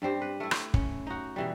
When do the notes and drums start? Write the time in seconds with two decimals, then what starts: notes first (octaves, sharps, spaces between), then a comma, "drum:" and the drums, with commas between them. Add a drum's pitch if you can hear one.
0.02 G2 G3 C4 G4
0.22 B4
0.40 A3 E4
0.51 drum: rim click
0.74 C#4, drum: kick
1.07 D#4 F#4
1.36 B2 E3 G3